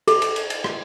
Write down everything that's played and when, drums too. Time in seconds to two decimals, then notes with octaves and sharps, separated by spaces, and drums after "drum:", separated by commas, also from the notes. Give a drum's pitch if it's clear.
0.08 A4, drum: cymbal
0.22 drum: cymbal
0.36 drum: cymbal
0.50 drum: cymbal
0.64 drum: rim click